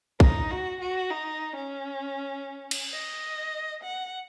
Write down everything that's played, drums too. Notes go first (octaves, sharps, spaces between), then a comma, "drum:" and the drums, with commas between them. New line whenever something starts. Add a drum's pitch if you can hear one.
D#4, drum: kick
F#4
F#4
D#4
C#4
drum: cymbal
D#5
F#5